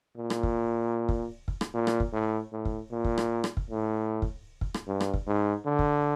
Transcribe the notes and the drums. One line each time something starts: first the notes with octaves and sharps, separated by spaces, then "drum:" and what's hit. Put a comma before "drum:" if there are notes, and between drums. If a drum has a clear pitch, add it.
A#2
drum: rim click
drum: kick
drum: kick
drum: kick
drum: rim click
A#2
drum: rim click
drum: kick
A2
A2
drum: kick
A#2
drum: kick
drum: rim click
drum: rim click
drum: kick
A2
drum: kick
drum: kick
drum: rim click
G2
drum: rim click
drum: kick
G#2
D3
drum: kick